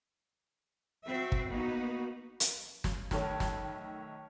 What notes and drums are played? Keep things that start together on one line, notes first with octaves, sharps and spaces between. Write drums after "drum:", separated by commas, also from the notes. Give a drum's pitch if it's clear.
C4 F#4 E5
drum: kick
A#3 B3 D#4 F#4
drum: hi-hat
drum: snare
B1 D#3 A3 A#4 C#5 A5, drum: snare
drum: snare